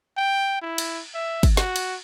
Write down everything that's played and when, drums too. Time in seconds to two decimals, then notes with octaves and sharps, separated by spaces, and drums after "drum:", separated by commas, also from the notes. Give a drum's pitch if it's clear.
0.17 G5
0.62 E4
0.78 drum: cymbal
1.15 E5
1.43 drum: kick, cymbal
1.57 F#4, drum: snare
1.76 drum: cymbal